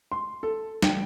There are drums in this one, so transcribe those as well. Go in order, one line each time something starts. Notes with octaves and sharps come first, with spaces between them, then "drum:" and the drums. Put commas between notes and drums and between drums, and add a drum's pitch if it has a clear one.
C6
A4
G5, drum: snare